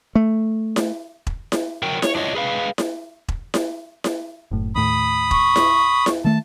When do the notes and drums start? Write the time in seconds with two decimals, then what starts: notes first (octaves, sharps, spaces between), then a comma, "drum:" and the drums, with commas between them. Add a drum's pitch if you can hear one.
0.15 A3
0.76 drum: snare E4
1.27 drum: kick E1
1.52 drum: snare E4
1.83 F#3 A#4 G5
2.02 C#5, drum: snare E4
2.15 D4 F4 C#5 D#5
2.35 G#4 B4 F5
2.78 drum: snare E4
3.28 drum: kick E1
3.54 drum: snare E4
4.04 drum: snare E4
4.51 F#1 A2
4.75 D#2 A2 B5 D#6
5.31 C#6, drum: kick E1
5.56 drum: snare E4
6.06 drum: snare E4
6.25 D#3 A3 A5